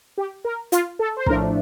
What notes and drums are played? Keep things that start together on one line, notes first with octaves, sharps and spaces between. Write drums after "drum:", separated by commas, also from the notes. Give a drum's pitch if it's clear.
G4
A#4
F4, drum: hi-hat
A4
C5
A2 F3 A3 D4 A#4, drum: kick